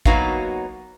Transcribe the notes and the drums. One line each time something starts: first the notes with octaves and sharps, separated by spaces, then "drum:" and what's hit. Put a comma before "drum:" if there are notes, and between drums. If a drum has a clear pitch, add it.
F#3 A#3 B3 D#4 F#4 F5, drum: kick